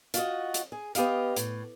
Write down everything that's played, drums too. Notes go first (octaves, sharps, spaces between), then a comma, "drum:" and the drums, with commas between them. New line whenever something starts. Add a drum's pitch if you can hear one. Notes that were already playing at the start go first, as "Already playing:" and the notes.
F4 F#4 D#5, drum: hi-hat
drum: hi-hat
G#4
B3 G4 D#5 F5, drum: hi-hat
A2, drum: hi-hat